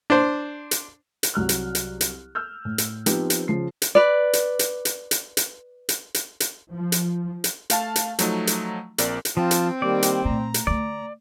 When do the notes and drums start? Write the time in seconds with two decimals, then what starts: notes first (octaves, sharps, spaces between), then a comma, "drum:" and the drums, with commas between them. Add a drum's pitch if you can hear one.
0.10 D4 C5
0.71 drum: hi-hat
1.23 drum: hi-hat
1.34 C2 F#3 F6 F#6
1.49 drum: hi-hat
1.75 drum: hi-hat
2.01 drum: hi-hat
2.35 E6 F6 G6
2.65 A2
2.78 drum: hi-hat
3.06 F3 B3 C4 D#4 G4, drum: hi-hat
3.30 drum: hi-hat
3.48 C#3 F3 C7
3.82 drum: hi-hat
3.95 B4 D5
4.33 drum: hi-hat
4.59 drum: hi-hat
4.85 drum: hi-hat
5.11 drum: hi-hat
5.37 drum: hi-hat
5.89 drum: hi-hat
6.14 drum: hi-hat
6.40 drum: hi-hat
6.72 F3
6.92 drum: hi-hat
7.44 drum: hi-hat
7.70 A3 F5 A5, drum: hi-hat
7.96 drum: hi-hat
8.19 F3 F#3 A3 D#4, drum: hi-hat
8.47 drum: hi-hat
8.98 A#1 C4 A#4 D5, drum: hi-hat
9.25 drum: hi-hat
9.37 F3 C4 F4 A5
9.51 drum: hi-hat
9.82 D#3 G3 A#3 D5
10.03 drum: hi-hat
10.25 A#2 A3 A#5
10.54 drum: hi-hat
10.67 D3 A3 D5